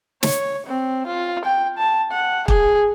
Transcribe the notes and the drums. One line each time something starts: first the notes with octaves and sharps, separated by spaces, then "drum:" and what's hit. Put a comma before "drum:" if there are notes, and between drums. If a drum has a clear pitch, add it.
C#5, drum: snare
C4
F4
G5
A5
F#5
G#4, drum: kick